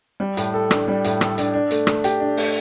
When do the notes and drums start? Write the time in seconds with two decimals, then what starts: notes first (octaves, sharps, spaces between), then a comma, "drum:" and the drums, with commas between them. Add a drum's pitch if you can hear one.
0.20 G3
0.37 A2, drum: hi-hat
0.54 A4
0.71 D4, drum: rim click
0.88 G3
1.05 A2, drum: hi-hat
1.21 A4, drum: rim click
1.38 D4, drum: hi-hat
1.54 D4
1.71 A3, drum: hi-hat
1.87 A3, drum: rim click
2.04 G4, drum: hi-hat
2.20 D4
2.37 A3, drum: open hi-hat